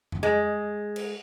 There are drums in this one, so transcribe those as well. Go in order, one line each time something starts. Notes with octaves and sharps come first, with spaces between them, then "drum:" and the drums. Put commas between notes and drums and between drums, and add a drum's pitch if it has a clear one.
drum: tom F2
G#3
drum: cymbal